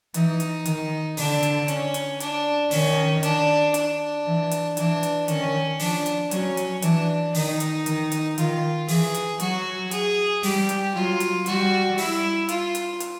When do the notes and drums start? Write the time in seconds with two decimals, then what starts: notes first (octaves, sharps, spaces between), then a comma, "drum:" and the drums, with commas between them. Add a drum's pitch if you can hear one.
0.14 E3 D#4, drum: hi-hat
0.40 drum: hi-hat
0.65 D#3, drum: hi-hat
1.17 D3 D4, drum: open hi-hat
1.43 drum: hi-hat
1.68 C#4, drum: hi-hat
1.94 drum: hi-hat
2.20 D4, drum: hi-hat
2.71 D#3 C#4, drum: open hi-hat
3.23 D4, drum: hi-hat
3.74 D4, drum: hi-hat
4.26 E3
4.51 drum: hi-hat
4.77 E3 D4, drum: hi-hat
5.03 drum: hi-hat
5.28 D#3 C#4, drum: hi-hat
5.80 F3 D4, drum: open hi-hat
6.06 drum: hi-hat
6.31 F#3 C#4, drum: hi-hat
6.57 drum: hi-hat
6.82 E3 D4, drum: hi-hat
7.35 D#3 D#4, drum: open hi-hat
7.60 drum: hi-hat
7.86 D#3, drum: hi-hat
8.12 drum: hi-hat
8.38 D#3 F4, drum: hi-hat
8.88 E3 G#4, drum: open hi-hat
9.14 drum: hi-hat
9.40 F#3 F#4, drum: hi-hat
9.91 G#4, drum: hi-hat
10.43 G3 G4, drum: open hi-hat
10.69 drum: hi-hat
10.94 F#3 F4
11.20 drum: hi-hat
11.46 G3 F#4, drum: hi-hat
11.98 E4, drum: open hi-hat
12.49 F4, drum: hi-hat
12.75 drum: hi-hat
13.00 drum: hi-hat